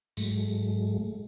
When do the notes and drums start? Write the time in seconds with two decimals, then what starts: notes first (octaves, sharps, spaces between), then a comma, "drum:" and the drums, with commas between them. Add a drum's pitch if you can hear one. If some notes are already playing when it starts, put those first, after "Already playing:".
0.17 G#2 F#3 G#3 A3, drum: tambourine